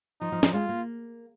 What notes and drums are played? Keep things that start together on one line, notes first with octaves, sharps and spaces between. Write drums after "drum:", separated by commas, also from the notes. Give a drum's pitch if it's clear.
F3 D#4
F3
F3, drum: snare
G#3 F4
A#3